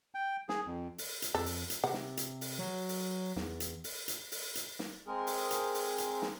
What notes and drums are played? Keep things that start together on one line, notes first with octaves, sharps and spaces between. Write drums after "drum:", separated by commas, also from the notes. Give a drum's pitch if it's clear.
G5
G#4, drum: snare
F2
drum: open hi-hat
drum: hi-hat
F2 A4
drum: open hi-hat
drum: hi-hat
C3 F#5
drum: snare
drum: hi-hat
drum: open hi-hat
F#3
drum: open hi-hat
E2, drum: snare
drum: hi-hat
drum: open hi-hat
drum: hi-hat
drum: open hi-hat
drum: hi-hat
drum: snare
G#3 C4 G#4 A#4
drum: open hi-hat
drum: hi-hat
drum: open hi-hat
drum: hi-hat
drum: snare